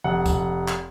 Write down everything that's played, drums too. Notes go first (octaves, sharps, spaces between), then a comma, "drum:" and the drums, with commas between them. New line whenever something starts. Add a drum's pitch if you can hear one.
F1 F#5
drum: kick C#2, tambourine
drum: clap